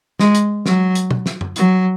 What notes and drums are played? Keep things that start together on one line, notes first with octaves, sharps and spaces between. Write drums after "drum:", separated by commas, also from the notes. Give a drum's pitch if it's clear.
G#3, drum: snare
drum: hi-hat
F#3, drum: snare
drum: hi-hat
drum: tom
drum: snare
drum: tom F#2
F#3, drum: hi-hat